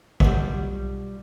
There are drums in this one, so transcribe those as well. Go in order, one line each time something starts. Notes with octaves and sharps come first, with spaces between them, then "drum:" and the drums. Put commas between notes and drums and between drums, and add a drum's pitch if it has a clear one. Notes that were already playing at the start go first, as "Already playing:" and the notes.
B1 G3 F4 F#4, drum: kick